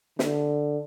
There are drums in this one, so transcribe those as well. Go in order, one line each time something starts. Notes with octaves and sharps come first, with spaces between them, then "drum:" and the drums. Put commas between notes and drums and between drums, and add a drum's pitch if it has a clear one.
D3, drum: snare